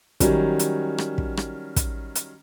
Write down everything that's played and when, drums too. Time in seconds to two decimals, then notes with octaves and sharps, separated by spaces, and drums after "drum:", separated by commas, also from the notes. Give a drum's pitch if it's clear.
0.20 D#3 F#3 G3 C#4, drum: kick, hi-hat
0.59 drum: hi-hat
0.98 drum: rim click
1.18 drum: kick
1.37 drum: rim click
1.76 drum: kick, hi-hat
2.15 drum: hi-hat